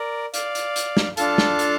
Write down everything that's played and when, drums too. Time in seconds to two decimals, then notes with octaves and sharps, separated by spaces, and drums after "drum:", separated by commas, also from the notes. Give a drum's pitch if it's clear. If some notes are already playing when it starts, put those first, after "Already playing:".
Already playing: A#4 D5
0.34 D5 F5, drum: hi-hat
0.55 drum: hi-hat
0.76 drum: hi-hat
0.97 drum: snare
1.17 D4 F4 A4 F5 A5, drum: hi-hat
1.38 drum: snare
1.59 drum: hi-hat